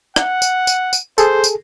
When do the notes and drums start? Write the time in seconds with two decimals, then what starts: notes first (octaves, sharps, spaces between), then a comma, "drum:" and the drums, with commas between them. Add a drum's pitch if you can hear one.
0.16 F#5, drum: rim click
0.42 drum: tambourine
0.67 drum: tambourine
0.93 drum: tambourine
1.18 G#4 A4 C5, drum: tambourine
1.44 drum: tambourine